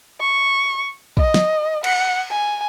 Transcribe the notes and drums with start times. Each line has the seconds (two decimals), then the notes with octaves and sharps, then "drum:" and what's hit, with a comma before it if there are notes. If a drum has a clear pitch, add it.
0.21 C#6
1.17 D#5, drum: kick
1.34 drum: snare
1.84 F#5, drum: cymbal
2.31 G#5